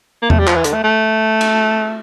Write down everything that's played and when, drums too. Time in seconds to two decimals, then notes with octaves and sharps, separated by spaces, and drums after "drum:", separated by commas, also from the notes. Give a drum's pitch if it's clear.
0.22 A#3
0.30 A3, drum: tom E2
0.39 G3
0.47 F3, drum: clap
0.55 E3
0.64 D3, drum: hi-hat
0.73 A3
0.84 A3
1.41 drum: cymbal